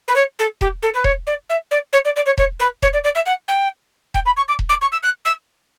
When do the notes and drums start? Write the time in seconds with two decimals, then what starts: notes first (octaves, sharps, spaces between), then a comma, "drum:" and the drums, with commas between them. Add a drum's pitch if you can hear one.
0.08 B4
0.16 C#5
0.39 A4
0.61 G4, drum: kick E1
0.82 A4
0.94 B4
1.04 C#5, drum: kick E1
1.27 D5
1.50 E5
1.71 D5
1.93 C#5
2.05 D5
2.16 D5
2.26 C#5
2.38 C#5, drum: kick E1
2.60 B4
2.82 C#5, drum: kick E1
2.93 D5
3.04 D5
3.15 E5
3.26 F#5
3.48 G5
4.14 G5, drum: kick E1
4.26 B5
4.37 C#6
4.48 D6
4.59 drum: kick E1
4.69 D6
4.82 C#6
4.92 E6
5.03 F#6
5.25 E6